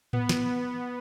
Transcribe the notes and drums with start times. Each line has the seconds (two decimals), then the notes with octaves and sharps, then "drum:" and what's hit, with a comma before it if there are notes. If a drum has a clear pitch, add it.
0.13 B3, drum: tom A2
0.29 drum: snare